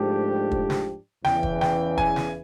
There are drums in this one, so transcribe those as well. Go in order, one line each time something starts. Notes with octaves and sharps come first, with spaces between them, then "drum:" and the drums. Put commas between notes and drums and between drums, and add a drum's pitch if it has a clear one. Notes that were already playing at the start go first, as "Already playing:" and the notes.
Already playing: G#2 F3 A3 D4 G4
drum: kick
drum: snare
E2 C#3 E3 G5, drum: snare
drum: kick
G5, drum: snare
G#5, drum: kick
drum: snare